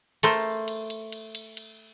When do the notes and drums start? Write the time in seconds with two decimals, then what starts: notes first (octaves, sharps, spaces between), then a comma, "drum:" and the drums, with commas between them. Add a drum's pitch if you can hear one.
0.23 A3 A4 A#4 C5, drum: cymbal
0.68 drum: cymbal
0.90 drum: cymbal
1.12 drum: cymbal
1.35 drum: cymbal
1.57 drum: cymbal